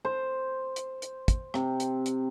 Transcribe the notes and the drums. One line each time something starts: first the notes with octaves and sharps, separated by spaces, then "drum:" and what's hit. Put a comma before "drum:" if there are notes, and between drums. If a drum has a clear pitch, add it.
C5
drum: hi-hat
drum: hi-hat
drum: kick, hi-hat
C3, drum: rim click
drum: hi-hat
drum: hi-hat